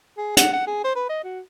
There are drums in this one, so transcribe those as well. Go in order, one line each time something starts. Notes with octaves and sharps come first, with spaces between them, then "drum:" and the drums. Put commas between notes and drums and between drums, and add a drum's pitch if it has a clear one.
G#4
F#5, drum: hi-hat
F#5
G#4
C5
B4
D#5
F#4